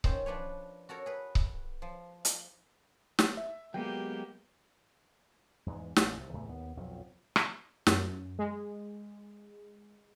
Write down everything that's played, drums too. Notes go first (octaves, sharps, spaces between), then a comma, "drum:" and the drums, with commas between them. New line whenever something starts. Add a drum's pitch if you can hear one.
D#3 C#4 C5, drum: kick C#1
F3 D4 B4 C#5
F#4 A4 A#4 C#5
G#4 B4
drum: kick C#1
F3
drum: hi-hat
drum: snare
E5
F#3 G#3 A#3 B3 G4 G5
E2 G#2 E3 G#3
A1 G2, drum: snare
C2
E2 A2 C#3 A3
D#2 B3
B1 F2 F3 F#3
drum: rim click
F#2, drum: snare
G#3